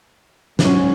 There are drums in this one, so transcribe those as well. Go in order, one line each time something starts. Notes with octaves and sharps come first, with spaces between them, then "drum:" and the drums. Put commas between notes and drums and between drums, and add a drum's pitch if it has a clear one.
G#2 F#3 C#4, drum: snare